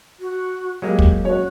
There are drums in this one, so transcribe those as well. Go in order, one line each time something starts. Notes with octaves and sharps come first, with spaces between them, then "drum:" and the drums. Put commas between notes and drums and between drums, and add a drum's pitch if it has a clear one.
F#4
F#3 G#3 A#3 G4
drum: kick
F#4 C#5